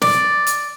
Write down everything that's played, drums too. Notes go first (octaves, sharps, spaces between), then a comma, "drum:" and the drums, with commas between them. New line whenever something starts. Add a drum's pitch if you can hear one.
D5, drum: snare
drum: hi-hat